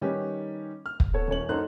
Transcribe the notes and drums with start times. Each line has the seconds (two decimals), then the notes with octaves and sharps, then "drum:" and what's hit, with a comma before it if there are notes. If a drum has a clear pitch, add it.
0.01 D#3 G3 C#4 D#4 G4 B4
0.86 F6
1.00 drum: kick
1.14 B3 A4 C#5
1.28 D#1 C#4 C#5 F#7
1.49 F#2 D#4 A4 C5 F#5 F#6